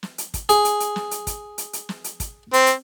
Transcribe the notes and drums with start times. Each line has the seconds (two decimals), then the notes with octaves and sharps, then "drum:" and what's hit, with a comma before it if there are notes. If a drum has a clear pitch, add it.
0.03 drum: snare
0.18 drum: hi-hat
0.34 drum: kick, hi-hat
0.49 G#4, drum: hi-hat
0.65 drum: hi-hat
0.80 drum: hi-hat
0.96 drum: snare
1.11 drum: hi-hat
1.27 drum: kick, hi-hat
1.58 drum: hi-hat
1.73 drum: hi-hat
1.89 drum: snare
2.04 drum: hi-hat
2.20 drum: kick, hi-hat
2.53 C4, drum: hi-hat
2.66 drum: hi-hat